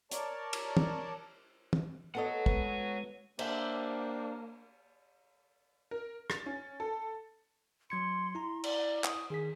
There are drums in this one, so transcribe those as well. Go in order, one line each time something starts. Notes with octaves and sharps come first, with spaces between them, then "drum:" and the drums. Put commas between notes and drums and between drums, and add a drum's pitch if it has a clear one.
A#4 C#5 D5 A5, drum: hi-hat
drum: cymbal
drum: tom
drum: tom
B3 A4 C#5 D#5 F#5
G#3 B3, drum: kick
A#3 D4 G4 C5 E5 G#5, drum: cymbal
A#4
A6, drum: rim click
C#4
A4
F#3 C6 G#6 C#7
E4 A#5
D5, drum: cymbal
D#6, drum: clap
D#3 G#4 B6